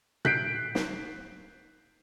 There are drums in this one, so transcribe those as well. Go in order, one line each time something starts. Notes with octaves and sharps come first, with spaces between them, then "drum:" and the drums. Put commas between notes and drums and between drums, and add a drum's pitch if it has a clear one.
F#6 G6 B6 C7 D7, drum: tom A#2
drum: snare